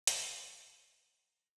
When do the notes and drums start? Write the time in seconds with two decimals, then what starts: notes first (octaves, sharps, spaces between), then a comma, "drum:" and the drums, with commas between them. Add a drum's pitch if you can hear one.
0.07 drum: hi-hat
0.19 B4
1.07 A#5